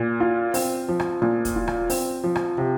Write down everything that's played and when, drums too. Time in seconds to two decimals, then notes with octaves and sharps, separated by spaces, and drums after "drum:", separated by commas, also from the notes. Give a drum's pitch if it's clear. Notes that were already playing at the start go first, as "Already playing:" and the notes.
Already playing: A#2
0.20 F4
0.54 C4, drum: open hi-hat
0.88 F3
1.00 drum: rim click
1.22 A#2
1.45 drum: kick, hi-hat
1.56 F4
1.68 drum: rim click
1.90 C4, drum: open hi-hat
2.24 F3
2.35 drum: rim click
2.58 C3